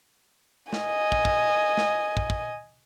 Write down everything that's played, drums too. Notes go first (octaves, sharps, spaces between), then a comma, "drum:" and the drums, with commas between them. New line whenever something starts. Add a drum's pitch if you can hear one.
D#5 G#5, drum: snare
drum: kick
drum: kick
drum: snare
drum: kick
drum: kick